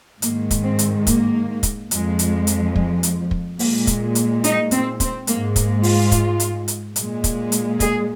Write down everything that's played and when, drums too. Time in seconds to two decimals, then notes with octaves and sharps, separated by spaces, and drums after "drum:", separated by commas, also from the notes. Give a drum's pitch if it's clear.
0.22 G#2 D#3 G#3 A#3, drum: hi-hat
0.51 drum: kick, hi-hat
0.64 C4
0.79 drum: hi-hat
1.07 A#3, drum: kick, hi-hat
1.63 drum: kick, hi-hat
1.91 F2 F3 G#3, drum: hi-hat
2.19 drum: hi-hat
2.47 drum: hi-hat
2.76 G#3, drum: kick
3.03 drum: hi-hat
3.31 drum: kick
3.59 A#2 G#3 A#3, drum: open hi-hat
3.87 drum: kick, hi-hat
4.15 drum: hi-hat
4.44 D#4, drum: hi-hat
4.71 C4, drum: hi-hat
5.00 C4, drum: kick, hi-hat
5.27 G#2 G#3 A#3, drum: hi-hat
5.56 A#3, drum: kick, hi-hat
5.83 F4, drum: open hi-hat
6.12 drum: kick, hi-hat
6.40 drum: hi-hat
6.68 drum: hi-hat
6.96 A#2 G#3, drum: hi-hat
7.24 drum: kick, hi-hat
7.52 drum: hi-hat
7.80 G#4, drum: kick, hi-hat